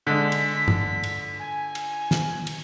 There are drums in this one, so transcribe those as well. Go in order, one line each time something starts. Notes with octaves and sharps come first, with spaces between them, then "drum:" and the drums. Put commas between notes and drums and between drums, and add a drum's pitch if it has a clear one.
D3 G#3 B6
drum: cymbal
drum: tom G2
drum: cymbal
G#5
drum: cymbal
drum: snare
drum: cymbal